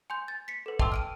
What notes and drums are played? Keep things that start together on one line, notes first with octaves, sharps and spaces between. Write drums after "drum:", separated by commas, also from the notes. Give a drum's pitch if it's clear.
G#5 C6 G6
A6
B6 C#7
A4 B4
G5 A5 C6 D6 E6, drum: kick
F6 D7 D#7